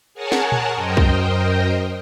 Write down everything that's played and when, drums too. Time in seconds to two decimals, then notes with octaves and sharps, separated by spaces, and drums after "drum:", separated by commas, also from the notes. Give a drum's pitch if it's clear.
0.14 G#4 A#4 C#5 F#5 G#5 A5
0.32 drum: snare
0.52 drum: tom A#2
0.75 F#2 A#4 C5 D#5 G5
0.97 drum: kick